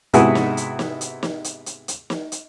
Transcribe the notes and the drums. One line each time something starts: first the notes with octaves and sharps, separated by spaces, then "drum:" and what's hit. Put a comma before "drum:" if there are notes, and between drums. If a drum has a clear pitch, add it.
G#2 C3 B3 E4 F#4 G#4, drum: hi-hat
drum: snare
drum: hi-hat
drum: snare
drum: hi-hat
drum: snare
drum: hi-hat
drum: hi-hat
drum: hi-hat
drum: snare
drum: hi-hat